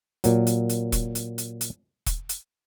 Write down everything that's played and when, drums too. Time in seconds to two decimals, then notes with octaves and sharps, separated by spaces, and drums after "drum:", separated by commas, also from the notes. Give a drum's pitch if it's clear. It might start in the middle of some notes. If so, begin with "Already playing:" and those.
0.24 A#2 F#3, drum: hi-hat
0.47 drum: hi-hat
0.70 drum: hi-hat
0.92 drum: kick E1, hi-hat
1.15 drum: hi-hat
1.38 drum: hi-hat
1.61 drum: hi-hat
2.06 drum: kick E1, hi-hat
2.29 drum: hi-hat